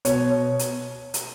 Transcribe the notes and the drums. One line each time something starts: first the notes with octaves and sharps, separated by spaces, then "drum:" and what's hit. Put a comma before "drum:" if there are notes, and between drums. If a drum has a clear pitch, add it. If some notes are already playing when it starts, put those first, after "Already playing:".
B2 C#5, drum: hi-hat
drum: hi-hat
drum: hi-hat